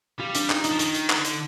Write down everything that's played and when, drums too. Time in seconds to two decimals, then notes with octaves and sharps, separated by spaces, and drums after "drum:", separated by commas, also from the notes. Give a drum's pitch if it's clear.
0.19 G3 F4
0.35 D4, drum: hi-hat
0.50 D#4, drum: clap
0.64 D#4, drum: hi-hat
0.71 F3
0.79 D#3, drum: hi-hat
0.95 drum: hi-hat
1.10 D3, drum: clap
1.25 drum: hi-hat